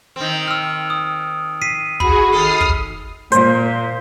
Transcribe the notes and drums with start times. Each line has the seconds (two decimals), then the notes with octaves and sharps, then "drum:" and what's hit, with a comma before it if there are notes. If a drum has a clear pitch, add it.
0.16 D#3 C4
0.48 E6 F6
0.90 D#6
1.62 B6 C7 D#7
2.00 F#4 G#4 B5, drum: kick
2.33 D#2 A4 D#6 F6 C7
2.61 drum: kick
3.32 A#2 C5, drum: hi-hat